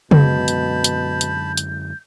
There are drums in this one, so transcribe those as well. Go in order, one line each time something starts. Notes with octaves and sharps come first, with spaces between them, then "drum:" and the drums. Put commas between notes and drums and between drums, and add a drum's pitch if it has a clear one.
F#2 B2 D3 G#3 A5 B5 G6, drum: tom C#3
drum: hi-hat
drum: hi-hat
drum: hi-hat
drum: hi-hat